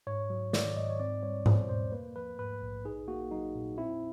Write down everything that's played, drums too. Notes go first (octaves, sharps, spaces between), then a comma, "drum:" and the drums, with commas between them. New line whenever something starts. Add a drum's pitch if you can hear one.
G#2 C#5
F#3
D#3 D5, drum: snare
G#2 D#5
C#5
C4 D5
G3 C#5
B2 C5, drum: tom G#2
E2 C5
A#3 B4
F3 B4
G#2 B4
A#1
D#4 G#4
A#3 F#4
F#3 D#4
A#2
C4 E4